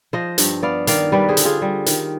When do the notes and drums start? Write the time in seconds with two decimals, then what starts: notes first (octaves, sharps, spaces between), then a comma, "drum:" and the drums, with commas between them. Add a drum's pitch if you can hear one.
0.13 F3 C5 D#5
0.38 G2, drum: hi-hat
0.63 B3 D5 F5
0.87 D#3 D5 F5, drum: hi-hat
1.12 G3 B4 D5
1.29 G#4 C5
1.37 D3, drum: hi-hat
1.45 F4 G#4
1.62 G3
1.86 D#3, drum: hi-hat